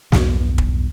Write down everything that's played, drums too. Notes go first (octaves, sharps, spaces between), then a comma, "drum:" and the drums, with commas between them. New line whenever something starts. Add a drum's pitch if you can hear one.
B1 E2 G2 B2, drum: snare
drum: kick